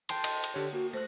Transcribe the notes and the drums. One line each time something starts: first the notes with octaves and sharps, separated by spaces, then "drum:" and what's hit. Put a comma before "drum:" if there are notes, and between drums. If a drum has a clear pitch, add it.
G5 A5 C6, drum: cymbal
D#5, drum: cymbal
drum: cymbal
D3 G4 C#5
A#3 F#4
A3 C5 F#6 A#6